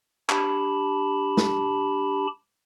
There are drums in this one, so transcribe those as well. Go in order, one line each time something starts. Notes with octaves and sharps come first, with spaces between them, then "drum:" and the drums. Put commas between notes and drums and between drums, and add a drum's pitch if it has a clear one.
D4 G4 A5 B5, drum: clap
drum: snare